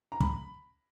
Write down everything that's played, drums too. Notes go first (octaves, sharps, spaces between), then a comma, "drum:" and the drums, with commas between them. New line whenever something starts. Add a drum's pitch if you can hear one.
A#5
B5, drum: kick